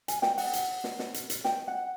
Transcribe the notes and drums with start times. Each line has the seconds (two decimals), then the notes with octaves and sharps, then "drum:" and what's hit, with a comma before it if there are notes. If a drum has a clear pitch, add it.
0.08 G#5, drum: hi-hat
0.22 G5, drum: snare
0.38 F#5, drum: open hi-hat
0.53 drum: hi-hat
0.84 drum: snare
0.99 drum: snare
1.14 drum: hi-hat
1.30 drum: hi-hat
1.44 G5, drum: snare
1.68 F#5